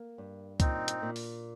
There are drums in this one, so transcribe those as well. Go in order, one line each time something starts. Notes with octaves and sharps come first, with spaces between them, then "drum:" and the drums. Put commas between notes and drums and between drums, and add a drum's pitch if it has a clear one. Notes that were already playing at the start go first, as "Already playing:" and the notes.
Already playing: A#3
G2
A#2 C4 D#4, drum: kick C#2, hi-hat
drum: hi-hat
A#2
drum: open hi-hat